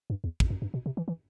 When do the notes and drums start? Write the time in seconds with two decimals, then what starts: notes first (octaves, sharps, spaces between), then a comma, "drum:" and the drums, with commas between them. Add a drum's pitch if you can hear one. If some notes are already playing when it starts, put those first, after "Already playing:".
0.10 G2
0.24 E2
0.40 E2, drum: kick
0.50 F#2
0.62 G2
0.74 B2
0.86 C3
0.97 E3
1.08 E3